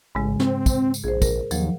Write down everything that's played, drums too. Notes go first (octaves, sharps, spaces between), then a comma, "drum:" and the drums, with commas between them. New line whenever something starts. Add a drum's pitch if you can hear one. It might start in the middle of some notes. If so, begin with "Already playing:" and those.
A1 G#2 C#3 G#3
C4, drum: snare
drum: kick, tambourine
drum: tambourine
A#1 G#4 C5
A#4, drum: kick, tambourine
D#2 F3 F#3, drum: tambourine